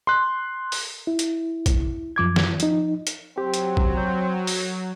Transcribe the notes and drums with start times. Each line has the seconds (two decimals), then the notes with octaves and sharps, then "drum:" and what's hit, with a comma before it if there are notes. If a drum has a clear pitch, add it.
0.07 C6 F#6
0.72 drum: open hi-hat
1.07 E4
1.19 drum: hi-hat
1.66 drum: kick, hi-hat
2.16 F#2 F3 D6 G#6
2.36 drum: snare
2.60 F3 D#4, drum: hi-hat
3.07 drum: hi-hat
3.38 F#3 C4 G4
3.54 drum: hi-hat
3.77 drum: kick
3.97 C#5 G6
4.47 drum: open hi-hat